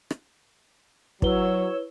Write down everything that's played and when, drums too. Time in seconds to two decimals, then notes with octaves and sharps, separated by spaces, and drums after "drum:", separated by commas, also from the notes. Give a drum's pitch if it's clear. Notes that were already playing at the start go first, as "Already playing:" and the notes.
0.11 drum: rim click
1.22 F#3 E4 B4 C#5 E6 G7, drum: kick